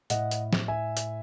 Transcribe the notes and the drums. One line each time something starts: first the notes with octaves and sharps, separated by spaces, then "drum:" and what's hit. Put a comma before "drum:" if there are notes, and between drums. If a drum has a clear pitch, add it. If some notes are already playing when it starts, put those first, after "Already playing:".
A2 D#5 F#5, drum: hi-hat
drum: hi-hat
A2, drum: snare F3
E5 G#5
drum: hi-hat